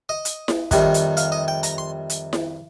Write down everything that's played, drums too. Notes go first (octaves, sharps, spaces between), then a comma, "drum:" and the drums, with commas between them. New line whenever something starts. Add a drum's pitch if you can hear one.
D#5
drum: hi-hat
drum: snare E4
F2 C3 D#3 G3, drum: kick, hi-hat
drum: hi-hat
F5, drum: hi-hat
D#5
G5
A#5, drum: hi-hat
C6
drum: hi-hat
drum: snare E4